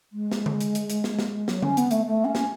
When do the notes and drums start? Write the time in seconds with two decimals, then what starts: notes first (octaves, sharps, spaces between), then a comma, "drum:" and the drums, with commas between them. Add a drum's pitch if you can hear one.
0.12 G#3
0.32 drum: snare
0.46 drum: tom D3
0.61 drum: hi-hat
0.75 drum: hi-hat
0.90 drum: hi-hat
1.04 drum: snare
1.19 drum: snare
1.48 F#3, drum: snare
1.62 C#4, drum: tom D3
1.77 B3, drum: hi-hat
1.91 A3, drum: hi-hat
2.06 A3
2.25 C#4
2.35 drum: snare